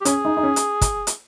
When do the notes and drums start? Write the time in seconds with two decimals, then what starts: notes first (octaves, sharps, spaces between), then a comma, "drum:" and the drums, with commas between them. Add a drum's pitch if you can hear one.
0.01 G4
0.05 C#4 G#4, drum: hi-hat
0.25 D#4
0.37 D#4
0.43 C#4
0.56 drum: hi-hat
0.82 drum: kick, hi-hat
1.07 drum: hi-hat